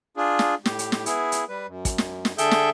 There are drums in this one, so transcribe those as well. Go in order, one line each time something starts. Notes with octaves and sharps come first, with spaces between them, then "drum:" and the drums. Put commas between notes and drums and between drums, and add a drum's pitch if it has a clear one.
D4 F4 G#4
drum: snare
A2 G4, drum: snare
drum: hi-hat
drum: snare
B3 E4 G#4, drum: hi-hat
drum: hi-hat
G3 B4
F#2
drum: kick, hi-hat
drum: snare
drum: snare
D3 G#4 A4 E5 G5 G6, drum: hi-hat
drum: snare